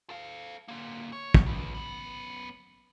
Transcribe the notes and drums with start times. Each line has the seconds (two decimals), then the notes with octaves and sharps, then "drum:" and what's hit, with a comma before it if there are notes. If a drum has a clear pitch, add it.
0.10 A4 F5
0.68 D3 A#3
1.13 C#5
1.34 drum: kick
1.46 C#2
1.74 F#2 B3